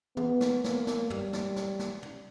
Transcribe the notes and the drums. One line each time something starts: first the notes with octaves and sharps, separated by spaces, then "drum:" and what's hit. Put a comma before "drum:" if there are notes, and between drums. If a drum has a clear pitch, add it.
B3, drum: tom
drum: snare
A#3, drum: snare
drum: snare
G3, drum: tom
drum: snare
drum: snare
drum: snare
drum: tom